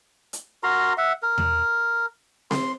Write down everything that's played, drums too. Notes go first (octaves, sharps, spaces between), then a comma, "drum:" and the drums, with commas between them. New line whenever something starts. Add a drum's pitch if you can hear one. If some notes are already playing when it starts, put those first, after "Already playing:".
drum: hi-hat
F#4 A#4 A#5 C6
E5 F#5
A#4
drum: tom E2
C6, drum: snare C4